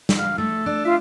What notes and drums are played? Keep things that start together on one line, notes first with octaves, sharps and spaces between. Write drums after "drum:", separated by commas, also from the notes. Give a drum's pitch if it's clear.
drum: snare
F5
A3 A4
D4
F4 E5